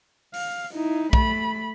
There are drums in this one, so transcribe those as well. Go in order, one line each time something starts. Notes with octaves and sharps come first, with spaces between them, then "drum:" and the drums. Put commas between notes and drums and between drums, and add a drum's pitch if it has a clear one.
F5, drum: open hi-hat
D#4 E4
A3 B5, drum: kick B1